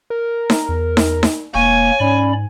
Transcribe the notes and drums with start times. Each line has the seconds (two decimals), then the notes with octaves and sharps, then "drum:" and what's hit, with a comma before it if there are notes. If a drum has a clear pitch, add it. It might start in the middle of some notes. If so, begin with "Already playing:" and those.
0.10 A#4
0.50 drum: snare D#4
0.69 E2
0.97 drum: snare D#4
1.23 drum: snare D#4
1.55 E1 A#3 C#5 G#5
2.00 G#2 C#4 D5 B5